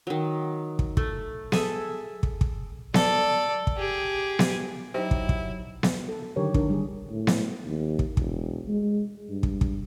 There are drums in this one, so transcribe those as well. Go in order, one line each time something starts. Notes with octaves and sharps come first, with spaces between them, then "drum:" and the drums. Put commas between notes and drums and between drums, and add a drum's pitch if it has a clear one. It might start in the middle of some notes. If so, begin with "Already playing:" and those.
D#3 F#3
drum: kick
A3, drum: kick
G#4 A4 E5, drum: snare B3
drum: kick
drum: kick
A4 D5, drum: snare B3
drum: kick
G4 G#4
drum: snare B3
F#3 D#4 E4 G4 C5
drum: kick
drum: kick
drum: snare B3
A4
A4
D3 D#3 F#3 G4 A#4 C#5
D#3 D4 A#4, drum: kick
D3 G3 G#3 G#4
A2
drum: snare B3
D#2
drum: kick
E1, drum: kick
G#3
G2
drum: kick
drum: kick